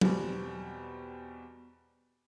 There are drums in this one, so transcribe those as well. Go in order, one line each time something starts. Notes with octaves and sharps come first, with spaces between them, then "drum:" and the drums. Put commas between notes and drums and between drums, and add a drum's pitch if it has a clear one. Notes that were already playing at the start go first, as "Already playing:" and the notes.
E2 B2 G3 C4, drum: tom